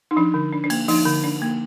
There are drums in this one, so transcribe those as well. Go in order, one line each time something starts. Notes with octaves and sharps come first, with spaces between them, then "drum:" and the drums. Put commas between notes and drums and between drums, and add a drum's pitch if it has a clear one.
D#4
F3 D4
D3
D4
D4
A#3, drum: cymbal
F3 D#4, drum: open hi-hat
D3
D4
A#3